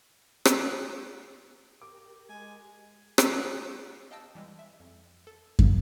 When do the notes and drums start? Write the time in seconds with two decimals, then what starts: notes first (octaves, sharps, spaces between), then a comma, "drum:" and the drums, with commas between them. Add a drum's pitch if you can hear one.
0.45 drum: rim click
1.82 G4 A#4 D6
2.29 G#3 G#5
3.18 drum: rim click
4.11 D#5 F5 G5 A5 E6
4.35 E3 G3 G#3
4.59 E5
4.80 F2
5.27 A4
5.59 F2 C#3 F#3, drum: kick